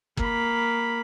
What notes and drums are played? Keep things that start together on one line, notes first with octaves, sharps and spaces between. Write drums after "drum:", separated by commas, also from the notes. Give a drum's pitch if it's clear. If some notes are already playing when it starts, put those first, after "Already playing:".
A#3 B5, drum: kick